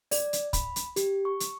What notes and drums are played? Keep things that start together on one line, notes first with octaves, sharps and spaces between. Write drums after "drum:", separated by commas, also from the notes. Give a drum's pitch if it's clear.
D5, drum: open hi-hat
drum: hi-hat
B5, drum: kick, hi-hat
drum: hi-hat
G4, drum: hi-hat
C#6
drum: hi-hat